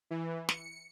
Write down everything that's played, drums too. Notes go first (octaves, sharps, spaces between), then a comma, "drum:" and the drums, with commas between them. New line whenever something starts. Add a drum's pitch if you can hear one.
E3
C#7, drum: snare